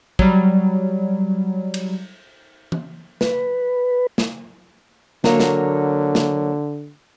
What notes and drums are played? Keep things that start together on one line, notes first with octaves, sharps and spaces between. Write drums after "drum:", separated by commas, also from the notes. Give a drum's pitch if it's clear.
F#3 G3, drum: kick
drum: cymbal
drum: tom E3
B4, drum: snare
drum: snare
D3 F#3 A#3 C#5, drum: snare
drum: snare
drum: snare